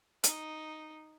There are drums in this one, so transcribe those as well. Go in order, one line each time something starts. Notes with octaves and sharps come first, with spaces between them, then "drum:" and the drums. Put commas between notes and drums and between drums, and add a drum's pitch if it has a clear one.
D#4, drum: hi-hat